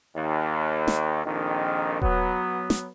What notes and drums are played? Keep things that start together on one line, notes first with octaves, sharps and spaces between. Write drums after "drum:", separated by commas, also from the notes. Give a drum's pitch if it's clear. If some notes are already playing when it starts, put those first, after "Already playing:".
D#2
drum: snare
A#1 F2 D#3
F#3 B3, drum: kick D#1
drum: snare